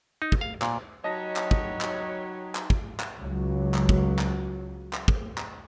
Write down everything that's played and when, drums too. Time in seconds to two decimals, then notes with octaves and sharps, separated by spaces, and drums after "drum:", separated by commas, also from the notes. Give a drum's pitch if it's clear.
0.22 D#4
0.32 drum: kick
0.41 F5
0.62 A#2, drum: clap
1.04 F#3 D#4 G4 B4 C#5 D#5 A5 A#6
1.36 drum: clap
1.51 drum: kick
1.81 drum: clap
2.55 drum: clap
2.70 drum: kick
3.00 drum: clap
3.20 C#2 F#3
3.74 drum: clap
3.89 drum: kick
4.19 drum: clap
4.93 drum: clap
5.08 drum: kick
5.38 drum: clap